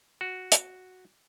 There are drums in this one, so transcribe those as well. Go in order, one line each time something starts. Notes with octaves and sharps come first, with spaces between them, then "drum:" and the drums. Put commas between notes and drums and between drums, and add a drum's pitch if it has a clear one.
F#4
drum: hi-hat